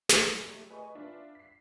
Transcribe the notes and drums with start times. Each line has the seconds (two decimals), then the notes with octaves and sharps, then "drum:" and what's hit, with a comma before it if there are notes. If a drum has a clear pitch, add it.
0.09 A1 B4 C6, drum: snare
0.30 F#2
0.48 A3 G4
0.70 G#4 B4 D#5 G#5 C#6
0.95 D4 F4 B4 E5
1.35 B6 C7